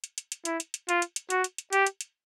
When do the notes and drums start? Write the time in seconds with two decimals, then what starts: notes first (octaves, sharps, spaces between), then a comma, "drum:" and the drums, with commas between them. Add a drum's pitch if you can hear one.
0.04 drum: hi-hat
0.18 drum: hi-hat
0.32 drum: hi-hat
0.45 E4, drum: hi-hat
0.60 drum: hi-hat
0.74 drum: hi-hat
0.89 F4, drum: hi-hat
1.02 drum: hi-hat
1.16 drum: hi-hat
1.30 F#4, drum: hi-hat
1.44 drum: hi-hat
1.58 drum: hi-hat
1.73 G4, drum: hi-hat
1.87 drum: hi-hat
2.01 drum: hi-hat